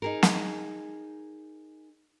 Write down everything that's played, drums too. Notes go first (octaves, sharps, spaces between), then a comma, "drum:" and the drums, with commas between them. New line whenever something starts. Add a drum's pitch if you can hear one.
D#4 G#4 A#4
drum: snare